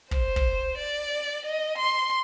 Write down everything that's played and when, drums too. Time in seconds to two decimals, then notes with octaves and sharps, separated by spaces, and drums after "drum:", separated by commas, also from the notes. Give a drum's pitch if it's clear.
0.11 C5, drum: kick
0.36 drum: kick
0.78 D5
1.46 D#5
1.78 C6